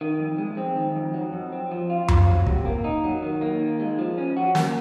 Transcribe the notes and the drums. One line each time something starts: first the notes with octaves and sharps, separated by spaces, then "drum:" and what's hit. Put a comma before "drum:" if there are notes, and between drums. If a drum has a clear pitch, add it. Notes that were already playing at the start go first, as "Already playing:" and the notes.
D#3
F2
G#3
C4
D#3
F2
F#3
F2
C4
F3
F4
F3, drum: tom F2
F#3
C3, drum: kick
A#3
D#4
F#3
D#3
A#3
D#3
G#3
F3
C#4
F#4
A#3, drum: snare